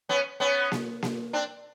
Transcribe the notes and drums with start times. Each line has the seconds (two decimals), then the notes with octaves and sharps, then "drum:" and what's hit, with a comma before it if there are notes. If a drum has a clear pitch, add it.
0.09 B3 C#4
0.40 B3 C#4
0.72 drum: snare A#3
1.02 drum: snare A#3
1.33 C4 D4